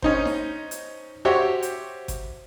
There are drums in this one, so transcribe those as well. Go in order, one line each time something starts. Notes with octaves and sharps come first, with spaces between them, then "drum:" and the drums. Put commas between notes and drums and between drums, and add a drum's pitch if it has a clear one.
C#4 D#4 C5, drum: kick G#1
drum: snare D#4
drum: hi-hat
F#4 G4 C5 C#5 E5
drum: hi-hat
drum: kick G#1, hi-hat